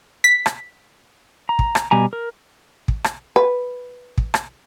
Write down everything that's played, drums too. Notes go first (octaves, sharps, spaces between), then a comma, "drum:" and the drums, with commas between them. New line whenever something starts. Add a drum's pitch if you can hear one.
B6
drum: rim click
A#5
drum: kick
drum: rim click
B2 G3 G#5 A#5
A#4
drum: kick
drum: rim click
B4
drum: kick
drum: rim click